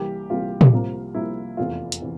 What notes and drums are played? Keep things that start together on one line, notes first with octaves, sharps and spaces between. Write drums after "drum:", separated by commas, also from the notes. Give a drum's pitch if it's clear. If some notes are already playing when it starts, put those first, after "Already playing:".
Already playing: C2 C3 E3 G3 A#3 G4 A#4
C2 C3 E3 G3 A#3 F4
drum: tom
C2 C3 F3 A#3
C2 C3 F3 A#3 E4
F1 E2 C3 E3 F4
drum: hi-hat
C3 E3